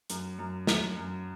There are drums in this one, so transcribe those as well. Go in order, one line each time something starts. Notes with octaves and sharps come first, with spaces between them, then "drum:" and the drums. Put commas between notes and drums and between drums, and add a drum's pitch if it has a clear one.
F#2, drum: hi-hat
F#2
F#2, drum: snare
F#2